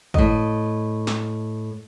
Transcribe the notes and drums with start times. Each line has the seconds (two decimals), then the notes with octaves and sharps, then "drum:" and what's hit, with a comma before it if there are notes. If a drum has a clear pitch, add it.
0.14 A2 D#5, drum: kick
1.07 drum: snare